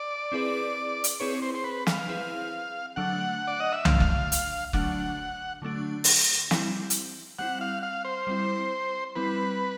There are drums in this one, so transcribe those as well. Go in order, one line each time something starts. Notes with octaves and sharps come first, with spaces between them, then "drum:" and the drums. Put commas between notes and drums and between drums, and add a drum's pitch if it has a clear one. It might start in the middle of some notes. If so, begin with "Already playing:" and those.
Already playing: D5
C4 E4 G#4 B4
drum: hi-hat
C4 E4 G#4 B4 C#5
C5
C5
B4
F5, drum: snare
C4 E4 G#4 B4
D3 F#3 A3 D4 F#5
D5
D#5
E5
D3 F#3 A3 D4 F5, drum: tom C2
drum: kick
drum: hi-hat
D3 F#3 A3 D4 F#5, drum: kick
D3 F#3 A3 D4
drum: open hi-hat
G3 C4 E4, drum: snare
drum: hi-hat
G3 C4 E4 F#5
F5
F5
C5
G3 C4 E4
G3 C4 E4 B4